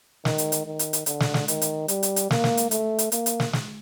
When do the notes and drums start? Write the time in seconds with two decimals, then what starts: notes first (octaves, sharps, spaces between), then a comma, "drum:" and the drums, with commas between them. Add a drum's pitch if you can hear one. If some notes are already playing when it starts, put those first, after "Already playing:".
0.25 D#3, drum: snare
0.38 drum: hi-hat
0.52 drum: hi-hat
0.66 D#3
0.79 drum: hi-hat
0.93 drum: hi-hat
1.06 D3, drum: hi-hat
1.20 drum: snare
1.34 drum: snare
1.48 D#3, drum: hi-hat
1.62 drum: hi-hat
1.88 G3, drum: hi-hat
2.03 drum: hi-hat
2.16 drum: hi-hat
2.31 A#3, drum: snare
2.44 drum: snare
2.57 drum: hi-hat
2.71 A3, drum: hi-hat
2.99 drum: hi-hat
3.12 A#3, drum: hi-hat
3.26 drum: hi-hat
3.40 drum: snare
3.53 drum: snare